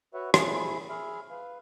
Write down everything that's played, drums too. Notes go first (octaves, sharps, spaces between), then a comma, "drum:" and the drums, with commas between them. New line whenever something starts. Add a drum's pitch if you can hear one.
F#4 B4 C#5 E5 F#5
A#2 C4 E4 G#4 B5, drum: rim click
G#4 E5 B5 F6
B4 F5